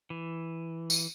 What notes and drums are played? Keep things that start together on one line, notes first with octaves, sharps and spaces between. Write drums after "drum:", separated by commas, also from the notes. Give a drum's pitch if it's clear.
E3
drum: tambourine